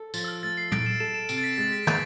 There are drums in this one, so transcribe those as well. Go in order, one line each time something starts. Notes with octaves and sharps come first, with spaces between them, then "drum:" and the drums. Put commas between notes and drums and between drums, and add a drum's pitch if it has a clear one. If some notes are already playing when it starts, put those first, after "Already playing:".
Already playing: A4
F3 A6, drum: tambourine
E6
F6
A3 A6
C7
E4 D7, drum: tom
E7
A4 E7
E7
C3 D7, drum: tambourine
A6
B6
G#3 A6
B6
B3 A6, drum: tom